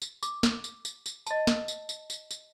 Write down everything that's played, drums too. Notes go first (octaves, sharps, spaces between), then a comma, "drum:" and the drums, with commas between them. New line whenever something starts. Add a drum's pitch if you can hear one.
drum: tambourine
D6, drum: tambourine
drum: snare
drum: tambourine
drum: tambourine
drum: tambourine
D#5 A5, drum: tambourine
drum: snare
drum: tambourine
drum: tambourine
drum: tambourine
drum: tambourine